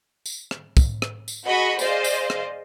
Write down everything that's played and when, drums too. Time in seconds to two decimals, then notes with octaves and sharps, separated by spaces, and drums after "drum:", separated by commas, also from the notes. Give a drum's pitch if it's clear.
0.26 drum: tambourine
0.51 drum: rim click
0.77 drum: kick, tambourine
1.02 drum: rim click
1.28 drum: tambourine
1.44 F#4 G#4 D#5 B5 C#6
1.79 G#4 C5 D5 D#5 F5, drum: tambourine
2.04 drum: tambourine
2.30 drum: rim click